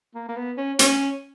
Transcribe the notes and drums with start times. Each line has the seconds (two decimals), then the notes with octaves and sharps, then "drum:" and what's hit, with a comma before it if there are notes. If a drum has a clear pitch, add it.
0.15 A#3
0.29 A#3
0.36 B3
0.57 C#4
0.79 C#4, drum: hi-hat